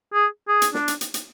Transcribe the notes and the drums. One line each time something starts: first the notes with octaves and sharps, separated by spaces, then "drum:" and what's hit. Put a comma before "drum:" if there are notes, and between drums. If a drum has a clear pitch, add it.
G#4
G#4
drum: hi-hat
D4, drum: snare
drum: hi-hat
drum: hi-hat
drum: hi-hat